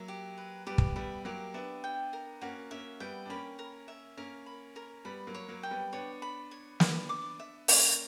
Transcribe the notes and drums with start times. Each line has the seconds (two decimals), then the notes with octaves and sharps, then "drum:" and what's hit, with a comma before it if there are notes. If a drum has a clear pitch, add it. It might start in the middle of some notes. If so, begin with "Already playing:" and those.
Already playing: F#3 A#3 E5
0.08 G4
0.38 B4
0.67 G3 B3 G4
0.78 drum: kick
0.96 G3 B3 E5
1.25 F#3 A#3 G4
1.54 B3 D4 E5
1.84 G5
2.13 A#4
2.41 A#3 C#4 F#4
2.71 A#3 C#4 E5
3.00 G3 B3 G5
3.26 D4
3.30 A#3 C#4 B5
3.59 A#4
3.88 E5
4.17 A#3 C#4 A#4
4.46 B5
4.76 A#4
5.05 G3 B3 B5
5.27 F#3 A#3
5.35 C#5
5.49 F#3 A#3
5.63 G5
5.71 G3 B3
5.93 B3 D4 C#5
6.22 B5
6.51 C#5
6.80 B3 D4 B5, drum: snare
7.09 D6
7.40 E5
7.68 A#3 C#4 A#4, drum: open hi-hat